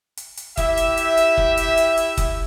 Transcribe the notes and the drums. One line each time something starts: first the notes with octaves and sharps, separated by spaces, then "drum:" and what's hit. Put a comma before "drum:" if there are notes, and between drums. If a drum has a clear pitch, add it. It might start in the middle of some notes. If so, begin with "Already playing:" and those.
drum: hi-hat
drum: hi-hat
E4 G4 E5, drum: kick, hi-hat
drum: hi-hat
drum: hi-hat
drum: hi-hat
drum: kick
drum: hi-hat
drum: hi-hat
drum: hi-hat
drum: kick, hi-hat